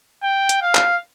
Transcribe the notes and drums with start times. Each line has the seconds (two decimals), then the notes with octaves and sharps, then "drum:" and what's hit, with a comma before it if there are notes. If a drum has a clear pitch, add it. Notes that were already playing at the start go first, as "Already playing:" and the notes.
0.23 G5
0.49 drum: hi-hat
0.62 F5
0.75 drum: clap